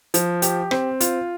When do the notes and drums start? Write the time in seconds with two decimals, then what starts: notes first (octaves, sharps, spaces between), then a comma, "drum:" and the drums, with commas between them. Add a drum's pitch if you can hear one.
0.14 F3, drum: hi-hat
0.42 G4, drum: hi-hat
0.71 C4, drum: rim click
1.00 F4, drum: hi-hat